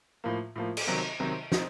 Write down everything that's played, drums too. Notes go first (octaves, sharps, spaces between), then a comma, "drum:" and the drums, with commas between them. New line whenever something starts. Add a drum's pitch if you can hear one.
A2 F3 A#3
A2 F3 A#3
drum: cymbal
C3 D#3 F#3 C4
C3 D#3 F#3 C4
C4 D#4, drum: snare